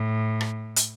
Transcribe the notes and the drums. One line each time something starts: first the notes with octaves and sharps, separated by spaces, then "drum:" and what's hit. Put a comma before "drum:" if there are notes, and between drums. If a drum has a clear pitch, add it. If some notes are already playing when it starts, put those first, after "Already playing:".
Already playing: A2
drum: rim click
drum: hi-hat